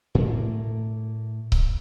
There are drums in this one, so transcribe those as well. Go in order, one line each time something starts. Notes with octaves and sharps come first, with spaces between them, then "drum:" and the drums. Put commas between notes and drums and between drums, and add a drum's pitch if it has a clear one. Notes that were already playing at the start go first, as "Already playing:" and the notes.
A2 A3 A#3
drum: kick C#1